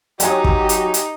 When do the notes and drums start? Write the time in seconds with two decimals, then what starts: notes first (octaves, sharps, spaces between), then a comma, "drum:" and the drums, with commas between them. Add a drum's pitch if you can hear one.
0.20 F#3 D#4 G4 G5 G#5, drum: hi-hat
0.44 drum: kick
0.69 drum: hi-hat
0.94 drum: hi-hat